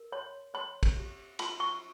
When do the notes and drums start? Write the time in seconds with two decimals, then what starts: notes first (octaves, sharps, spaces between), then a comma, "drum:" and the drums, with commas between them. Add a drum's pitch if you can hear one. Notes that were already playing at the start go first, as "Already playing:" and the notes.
Already playing: A#4
0.12 C#5 C6
0.54 C#5 C6
0.83 drum: kick, cymbal
0.97 G4
1.39 F4 C6, drum: cymbal
1.60 C#6